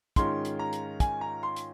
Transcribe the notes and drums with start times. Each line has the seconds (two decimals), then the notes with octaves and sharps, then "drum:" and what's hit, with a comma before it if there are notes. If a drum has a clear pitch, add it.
0.16 G#2 D#3 G#3 C#4 F4 C6, drum: kick, hi-hat
0.45 drum: hi-hat
0.59 A#5
0.73 drum: hi-hat
1.00 G#5, drum: kick, hi-hat
1.21 A#5
1.43 C6
1.56 drum: hi-hat